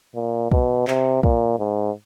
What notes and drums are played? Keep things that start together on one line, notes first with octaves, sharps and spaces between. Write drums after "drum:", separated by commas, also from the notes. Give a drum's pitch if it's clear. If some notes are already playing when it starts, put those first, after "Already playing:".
A#2
B2, drum: kick
C3, drum: clap
A#2, drum: kick
G#2